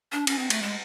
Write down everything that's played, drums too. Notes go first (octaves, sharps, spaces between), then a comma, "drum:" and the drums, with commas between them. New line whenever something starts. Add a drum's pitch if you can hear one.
D4
C#4, drum: cymbal
C4
A3, drum: cymbal
G#3